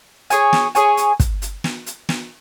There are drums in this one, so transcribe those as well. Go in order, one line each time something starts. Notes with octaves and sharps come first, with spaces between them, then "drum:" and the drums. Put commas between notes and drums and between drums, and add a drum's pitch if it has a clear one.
G#4 C#5 G#5, drum: hi-hat
drum: snare
G#4 C#5 G#5, drum: hi-hat
drum: hi-hat
drum: kick, hi-hat
drum: hi-hat
drum: snare
drum: hi-hat
drum: snare